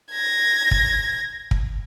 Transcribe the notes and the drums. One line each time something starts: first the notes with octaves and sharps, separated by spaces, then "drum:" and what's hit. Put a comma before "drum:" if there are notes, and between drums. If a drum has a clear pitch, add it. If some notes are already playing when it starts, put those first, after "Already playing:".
G#6 A#6
drum: kick
drum: kick